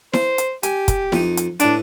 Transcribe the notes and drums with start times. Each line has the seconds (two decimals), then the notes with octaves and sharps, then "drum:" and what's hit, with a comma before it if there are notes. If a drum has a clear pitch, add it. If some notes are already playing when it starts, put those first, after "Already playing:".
0.13 C5, drum: snare E4
0.38 drum: hi-hat
0.63 G4 G#5, drum: hi-hat
0.88 drum: kick, hi-hat
1.12 F2 D#4, drum: snare E4
1.37 drum: hi-hat
1.60 A2 D4 B4, drum: hi-hat